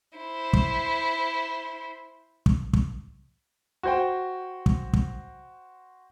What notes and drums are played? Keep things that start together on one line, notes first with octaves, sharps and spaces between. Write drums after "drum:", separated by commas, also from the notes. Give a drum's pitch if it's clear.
E4 C5
drum: kick
drum: kick
drum: kick
F#4 C5 G5
drum: kick
drum: kick